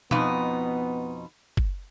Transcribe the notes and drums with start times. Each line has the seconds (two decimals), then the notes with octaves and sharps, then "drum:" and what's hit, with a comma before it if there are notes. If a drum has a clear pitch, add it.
0.11 F2 B2 B3 D#4, drum: tom B2
1.57 drum: kick F#1